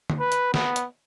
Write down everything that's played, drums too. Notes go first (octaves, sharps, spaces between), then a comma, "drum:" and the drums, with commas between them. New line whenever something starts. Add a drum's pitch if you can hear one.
drum: tom D3
B4
drum: hi-hat
B3, drum: snare
drum: hi-hat